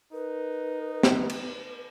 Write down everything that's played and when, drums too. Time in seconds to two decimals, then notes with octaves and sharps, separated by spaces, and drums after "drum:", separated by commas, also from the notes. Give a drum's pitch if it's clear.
0.13 D#4 A#4 B4
1.03 drum: snare
1.30 drum: cymbal